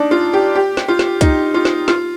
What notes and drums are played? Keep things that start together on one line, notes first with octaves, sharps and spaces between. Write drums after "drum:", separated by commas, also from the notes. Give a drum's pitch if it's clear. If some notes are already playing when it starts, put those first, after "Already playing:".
Already playing: D4 D#4
F4
G4
G4
drum: snare
F4
drum: snare
D#4, drum: kick, hi-hat
F4
drum: snare
F4, drum: snare